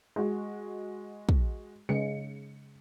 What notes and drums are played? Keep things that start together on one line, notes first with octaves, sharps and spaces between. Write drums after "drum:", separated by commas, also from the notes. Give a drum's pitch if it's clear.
G#3 F#4
drum: kick
C#3 G#3 C#7